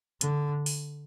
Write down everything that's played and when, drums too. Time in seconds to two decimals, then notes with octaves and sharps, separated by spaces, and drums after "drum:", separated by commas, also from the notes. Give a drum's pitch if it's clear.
0.21 D3, drum: hi-hat
0.66 drum: open hi-hat